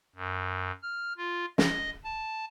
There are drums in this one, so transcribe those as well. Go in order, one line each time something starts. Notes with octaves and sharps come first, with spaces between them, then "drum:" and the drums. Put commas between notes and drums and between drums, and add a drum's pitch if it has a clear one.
F#2
F6
F4
D#5, drum: snare
A5